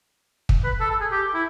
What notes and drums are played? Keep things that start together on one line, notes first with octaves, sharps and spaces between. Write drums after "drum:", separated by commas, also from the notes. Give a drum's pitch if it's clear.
drum: kick
B4
A4
A4
G#4
G4
E4